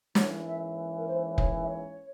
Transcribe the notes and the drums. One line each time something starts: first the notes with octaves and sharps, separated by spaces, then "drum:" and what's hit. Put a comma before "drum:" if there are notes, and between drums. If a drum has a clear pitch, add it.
G#2 E3 A#3 C#4 E4 C#5, drum: snare
E5
A#4
C5
C#5, drum: kick
E5
C#5